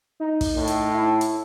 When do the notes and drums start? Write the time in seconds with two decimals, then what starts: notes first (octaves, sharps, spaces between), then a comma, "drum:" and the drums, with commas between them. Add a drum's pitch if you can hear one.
0.20 D#4
0.41 drum: kick, open hi-hat
0.57 A2
0.67 drum: hi-hat
0.94 E4
1.21 drum: hi-hat